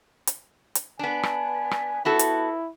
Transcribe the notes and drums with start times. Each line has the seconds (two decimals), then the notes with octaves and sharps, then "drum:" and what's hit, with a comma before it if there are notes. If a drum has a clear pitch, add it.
0.27 drum: hi-hat
0.75 drum: hi-hat
0.99 B3 D4 G#5
1.23 drum: rim click
1.71 drum: rim click
2.05 B3 E4 F#4 A4
2.19 drum: hi-hat